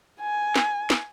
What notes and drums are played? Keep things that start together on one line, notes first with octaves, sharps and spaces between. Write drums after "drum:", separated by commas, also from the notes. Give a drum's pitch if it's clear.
G#5
drum: snare
drum: snare